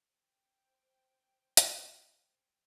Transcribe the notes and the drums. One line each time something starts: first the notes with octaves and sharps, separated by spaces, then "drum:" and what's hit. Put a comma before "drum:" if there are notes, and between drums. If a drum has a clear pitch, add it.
C5 G5
drum: hi-hat